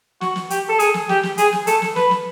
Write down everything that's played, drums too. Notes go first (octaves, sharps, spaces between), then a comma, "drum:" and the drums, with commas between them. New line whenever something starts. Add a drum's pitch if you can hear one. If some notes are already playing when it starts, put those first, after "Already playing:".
F#4, drum: snare
drum: snare
G4, drum: hi-hat
A4
G#4, drum: hi-hat
drum: snare
G4, drum: snare
drum: snare
G#4, drum: hi-hat
drum: snare
A4, drum: hi-hat
drum: snare
B4, drum: snare
drum: snare